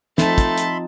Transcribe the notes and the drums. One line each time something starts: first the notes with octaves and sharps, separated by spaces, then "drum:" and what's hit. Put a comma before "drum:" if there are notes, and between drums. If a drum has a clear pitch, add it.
F3 A3 C4 D#4 E5 A5 B5 C6, drum: snare
drum: kick, hi-hat
drum: hi-hat